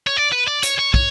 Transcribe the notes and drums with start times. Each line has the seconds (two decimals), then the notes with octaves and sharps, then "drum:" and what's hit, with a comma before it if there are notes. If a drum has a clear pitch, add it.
0.07 C#5
0.17 D5
0.32 B4
0.47 D5
0.63 C#5, drum: hi-hat
0.79 C#5
0.94 C#5, drum: kick